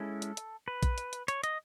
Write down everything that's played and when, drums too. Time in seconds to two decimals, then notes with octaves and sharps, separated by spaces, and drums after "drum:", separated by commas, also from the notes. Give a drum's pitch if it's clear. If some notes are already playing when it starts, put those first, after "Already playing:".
Already playing: G#3 C#4 E4 A4
0.22 drum: hi-hat
0.37 drum: hi-hat
0.68 B4
0.83 drum: kick A#1, hi-hat
0.98 drum: hi-hat
1.13 drum: hi-hat
1.28 C#5, drum: hi-hat
1.44 D#5, drum: hi-hat